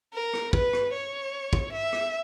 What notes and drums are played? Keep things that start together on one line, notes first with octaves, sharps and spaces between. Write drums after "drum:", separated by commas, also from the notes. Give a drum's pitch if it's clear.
A#4
drum: rim click
B4, drum: kick
drum: rim click
C#5
drum: kick
E5
drum: rim click